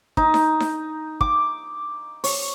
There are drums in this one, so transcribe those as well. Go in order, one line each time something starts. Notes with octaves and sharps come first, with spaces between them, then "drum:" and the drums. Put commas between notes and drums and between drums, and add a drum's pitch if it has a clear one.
D#4, drum: kick
drum: snare D#4
drum: snare D#4
D6, drum: kick
C#5, drum: open hi-hat